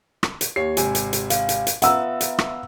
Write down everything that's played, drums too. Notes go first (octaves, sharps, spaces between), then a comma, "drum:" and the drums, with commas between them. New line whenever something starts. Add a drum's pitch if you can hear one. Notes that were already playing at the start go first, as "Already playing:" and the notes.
drum: rim click
drum: hi-hat
D#2 G4 C#5 C7
G#1 C3 G#5, drum: hi-hat
drum: hi-hat
drum: hi-hat
F5, drum: hi-hat
drum: hi-hat
drum: hi-hat
B3 F4 E5 F#5 A#5 E6, drum: hi-hat
drum: hi-hat
drum: rim click